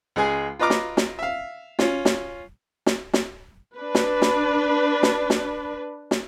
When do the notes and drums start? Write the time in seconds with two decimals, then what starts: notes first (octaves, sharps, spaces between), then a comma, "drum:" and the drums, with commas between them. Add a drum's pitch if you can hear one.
0.16 C#2 G#3 G#4 G#5
0.59 F4 B4 D#5 A#5 D6 F6
0.70 drum: snare
0.97 drum: snare
1.19 E5 F5
1.79 C#4 F4, drum: snare
2.05 drum: snare
2.86 drum: snare
3.13 drum: snare
3.76 D4 B4
3.95 drum: snare
4.22 drum: snare
5.03 drum: snare
5.30 drum: snare
6.11 drum: snare